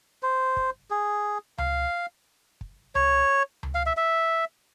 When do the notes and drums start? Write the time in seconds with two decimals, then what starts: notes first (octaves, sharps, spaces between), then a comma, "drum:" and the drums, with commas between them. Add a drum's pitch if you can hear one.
0.23 C5
0.57 drum: kick
0.90 G#4
1.58 F5, drum: tom C#2
2.61 drum: kick
2.95 C#5, drum: tom C#2
3.63 drum: tom C#2
3.75 F5
3.86 E5
3.97 E5